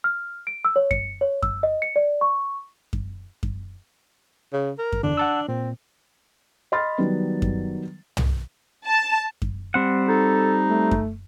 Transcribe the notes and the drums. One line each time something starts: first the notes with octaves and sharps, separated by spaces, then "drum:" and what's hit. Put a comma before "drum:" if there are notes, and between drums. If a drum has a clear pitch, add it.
F6
D7
E6
C#5
C#7, drum: kick F#2
C#5
E6, drum: kick F#2
D#5
C#7
D5
C#6
drum: kick F#2
drum: kick F#2
C#3
A#4
drum: kick F#2
E2 D3 D4
F#5 A5 E6
A#2 C4
D#5 B5 C6 F6 A6
D#3 F#3 G3 B3
drum: kick F#2
drum: tom
A5
drum: kick F#2
G3 C4 F#5
D#4 A4
A3
drum: kick F#2